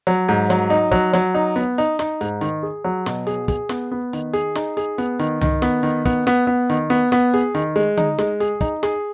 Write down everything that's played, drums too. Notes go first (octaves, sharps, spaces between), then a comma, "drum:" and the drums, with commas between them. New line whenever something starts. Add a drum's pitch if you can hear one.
F#3, drum: hi-hat
G#2
F#3, drum: snare
D#4, drum: hi-hat
F#3, drum: kick, hi-hat
F#3, drum: snare
D#4
B3, drum: hi-hat
D#4, drum: hi-hat
D#4, drum: snare
G#2, drum: hi-hat
D#3, drum: hi-hat
G#4
F#3
B2, drum: snare
G#4, drum: hi-hat
G#4, drum: kick, hi-hat
B3, drum: snare
B3
D#3, drum: hi-hat
G#4, drum: hi-hat
D#4, drum: snare
G#4, drum: hi-hat
B3, drum: hi-hat
D#3, drum: hi-hat
D#3, drum: tom C2
B3, drum: snare
D#3, drum: hi-hat
B3, drum: kick, hi-hat
B3, drum: snare
B3
D#3, drum: hi-hat
B3, drum: hi-hat
B3, drum: snare
G#4, drum: hi-hat
D#3, drum: hi-hat
G#3, drum: hi-hat
D#4, drum: tom D3
G#3, drum: snare
G#4, drum: hi-hat
D#4, drum: kick, hi-hat
G#4, drum: snare